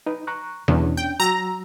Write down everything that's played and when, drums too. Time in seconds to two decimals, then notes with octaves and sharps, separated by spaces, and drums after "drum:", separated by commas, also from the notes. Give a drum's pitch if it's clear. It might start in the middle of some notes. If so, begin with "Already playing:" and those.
0.06 D#4 B4
0.27 A#5 C#6 F#6
0.68 E2 C#4 D4, drum: tom B2
0.97 G5
1.20 F#3 F#4 A#5 E6